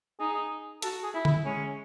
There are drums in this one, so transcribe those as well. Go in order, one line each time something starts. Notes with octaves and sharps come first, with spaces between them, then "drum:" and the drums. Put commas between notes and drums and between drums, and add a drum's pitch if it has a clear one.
D#4 G#4
F#4 A4, drum: hi-hat
G#4
E4
E4, drum: tom D3
G#3 C#4